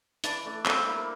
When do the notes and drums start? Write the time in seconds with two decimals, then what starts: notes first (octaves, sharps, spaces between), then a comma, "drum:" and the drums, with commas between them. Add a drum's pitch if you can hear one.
0.24 E3 D4, drum: hi-hat
0.45 A3 D4
0.66 G3 C4, drum: clap
0.86 A#3 E4